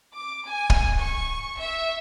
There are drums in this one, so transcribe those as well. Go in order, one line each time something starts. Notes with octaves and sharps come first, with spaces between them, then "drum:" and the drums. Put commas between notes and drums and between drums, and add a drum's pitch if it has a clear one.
D6
G#5
drum: kick
C#6
E5